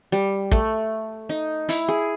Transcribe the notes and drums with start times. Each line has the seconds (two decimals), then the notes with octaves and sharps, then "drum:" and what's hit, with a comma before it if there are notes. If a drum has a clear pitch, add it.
0.12 G3
0.51 A3, drum: kick
1.29 D#4
1.69 E4, drum: hi-hat
1.89 G#4